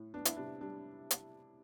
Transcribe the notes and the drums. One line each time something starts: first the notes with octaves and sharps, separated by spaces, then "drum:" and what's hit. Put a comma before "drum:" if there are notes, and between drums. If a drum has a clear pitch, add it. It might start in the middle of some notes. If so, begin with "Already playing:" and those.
Already playing: A2
B3 D4
E4, drum: hi-hat
C3 D4
G3 D4
drum: hi-hat